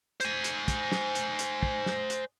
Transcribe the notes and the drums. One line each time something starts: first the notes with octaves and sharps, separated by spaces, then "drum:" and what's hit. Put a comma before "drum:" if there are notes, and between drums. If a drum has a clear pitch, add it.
C5 G#5, drum: hi-hat
drum: hi-hat
drum: kick, hi-hat
drum: snare
drum: hi-hat
drum: hi-hat
drum: kick
drum: snare
drum: hi-hat